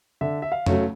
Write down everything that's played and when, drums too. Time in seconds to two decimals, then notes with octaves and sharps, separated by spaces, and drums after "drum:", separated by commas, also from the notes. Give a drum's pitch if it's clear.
0.21 D3 E5
0.42 E5
0.52 F5
0.67 F#3 A3 C#4, drum: tom F2